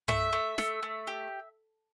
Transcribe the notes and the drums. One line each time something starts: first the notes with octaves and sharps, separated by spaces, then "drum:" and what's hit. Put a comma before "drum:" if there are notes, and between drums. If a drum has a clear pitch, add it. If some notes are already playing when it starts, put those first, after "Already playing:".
A3 E5, drum: tom G2
A3
A3, drum: snare
A3
G4